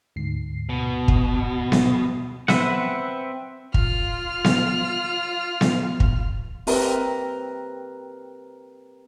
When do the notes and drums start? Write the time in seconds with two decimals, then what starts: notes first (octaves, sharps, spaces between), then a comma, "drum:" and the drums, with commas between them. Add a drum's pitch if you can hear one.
0.16 D2 G#2 C7
0.69 B2
1.08 drum: kick
1.72 drum: snare B3
2.48 C4 B4 E5 F#5, drum: snare B3
3.74 F4 F6, drum: kick
4.44 drum: snare B3
5.61 drum: snare B3
6.00 drum: kick
6.67 C4 G4 A#4 B4 E5, drum: open hi-hat